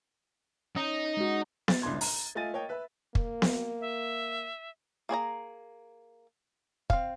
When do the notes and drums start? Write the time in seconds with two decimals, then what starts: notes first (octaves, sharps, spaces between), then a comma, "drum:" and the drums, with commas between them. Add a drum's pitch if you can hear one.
0.76 C#4 D#4
1.17 G#3 F#4
1.68 A6, drum: snare B3
1.82 G1 C#2 A2 D4 C6 G#6
2.01 A#5, drum: open hi-hat
2.35 A3 F4 D#5 G#5 A6 D#7
2.53 A#3 C#5 D#5 G5
2.69 B4 E5
3.15 A#3, drum: kick
3.42 drum: snare B3
3.81 E5
5.09 A#3 G#4 C#5 A#5
6.90 C4 F5, drum: kick